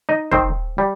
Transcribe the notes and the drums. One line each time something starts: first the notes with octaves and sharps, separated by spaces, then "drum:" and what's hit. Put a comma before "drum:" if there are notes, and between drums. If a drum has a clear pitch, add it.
D#4 D#5
D#3 C4 C5, drum: kick
G3